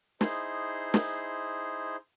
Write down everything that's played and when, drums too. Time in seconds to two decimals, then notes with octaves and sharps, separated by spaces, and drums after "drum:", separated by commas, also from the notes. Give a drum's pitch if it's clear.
0.21 D#4 E4 G#4 C5 C6, drum: snare
0.94 drum: snare